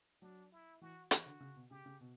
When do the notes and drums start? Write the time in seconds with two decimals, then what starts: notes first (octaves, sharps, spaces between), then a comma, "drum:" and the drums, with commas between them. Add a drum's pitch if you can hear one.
0.22 F#3 D4
0.52 E4
0.81 E3 F#4
1.11 E3 F#4, drum: hi-hat
1.26 D3
1.40 C#3
1.56 B2
1.70 C#3 G4
1.86 C#3
2.01 B2